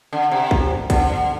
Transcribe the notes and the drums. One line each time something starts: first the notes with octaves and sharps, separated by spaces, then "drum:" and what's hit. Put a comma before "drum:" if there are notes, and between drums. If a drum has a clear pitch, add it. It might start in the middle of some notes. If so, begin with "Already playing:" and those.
D3
C3
drum: kick
D3, drum: kick, hi-hat